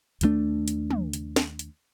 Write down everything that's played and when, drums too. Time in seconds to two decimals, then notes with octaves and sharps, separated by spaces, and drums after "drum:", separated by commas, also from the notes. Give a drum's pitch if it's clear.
0.21 D#2 D#3 A3 D4, drum: hi-hat
0.68 drum: hi-hat
0.91 drum: tom
1.13 drum: hi-hat
1.36 drum: snare
1.59 drum: hi-hat